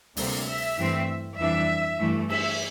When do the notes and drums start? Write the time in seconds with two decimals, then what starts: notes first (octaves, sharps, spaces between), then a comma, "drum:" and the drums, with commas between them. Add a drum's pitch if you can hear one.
0.17 D2 C3 G3 A#3, drum: open hi-hat
0.47 E5
0.78 G2 E3 A3 C4
1.38 F2 E3 G3 D4 E5
1.99 G2 E3 A3
2.30 E5, drum: cymbal